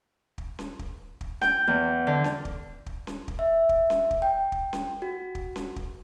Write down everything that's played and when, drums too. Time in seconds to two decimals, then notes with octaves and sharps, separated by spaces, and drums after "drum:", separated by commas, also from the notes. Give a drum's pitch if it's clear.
0.38 drum: kick
0.59 drum: snare C#4
0.79 drum: kick
1.21 drum: kick
1.41 G5, drum: snare C#4
1.67 E2
2.07 D3
2.24 drum: snare C#4
2.45 drum: kick
2.86 drum: kick
3.07 drum: snare C#4
3.28 drum: kick
3.39 E5
3.69 drum: kick
3.90 drum: snare C#4
4.11 drum: kick
4.22 G5
4.52 drum: kick
4.73 drum: snare C#4
5.02 F#4
5.35 drum: kick
5.56 drum: snare C#4
5.76 drum: kick